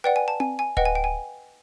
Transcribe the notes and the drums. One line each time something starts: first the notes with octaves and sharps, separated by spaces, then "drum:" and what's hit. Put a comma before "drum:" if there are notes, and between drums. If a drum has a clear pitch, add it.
B4 D5 F#5 G5
G#5
A5
G#5, drum: tom C4
G#5
B4 D#5 F#5 G5, drum: kick D1
G#5
G5
G#5